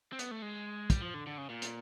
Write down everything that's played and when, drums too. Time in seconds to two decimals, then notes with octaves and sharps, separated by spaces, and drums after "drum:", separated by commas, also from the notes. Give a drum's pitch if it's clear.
0.13 C4
0.19 B3, drum: hi-hat
0.31 A3
0.42 G#3
0.90 G3, drum: kick, hi-hat
1.02 F3
1.14 D3
1.27 D3
1.38 C#3
1.49 A#2
1.62 drum: hi-hat